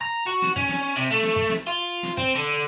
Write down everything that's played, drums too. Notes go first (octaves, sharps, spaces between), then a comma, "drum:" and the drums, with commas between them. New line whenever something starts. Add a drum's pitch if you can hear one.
A#5
F#4
drum: snare
C#4, drum: kick
drum: snare
C3
A3
drum: snare
drum: kick
drum: snare
F4
drum: snare
C4, drum: kick
D3